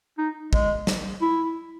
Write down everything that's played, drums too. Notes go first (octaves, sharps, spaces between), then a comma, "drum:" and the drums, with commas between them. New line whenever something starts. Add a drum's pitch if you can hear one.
D#4
G#3, drum: kick
drum: snare
E4